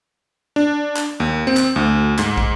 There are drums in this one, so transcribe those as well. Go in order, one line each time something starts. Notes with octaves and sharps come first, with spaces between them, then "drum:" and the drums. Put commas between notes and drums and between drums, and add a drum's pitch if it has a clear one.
D4
drum: clap
D#2
C4
drum: clap
D2
G#2, drum: clap
drum: kick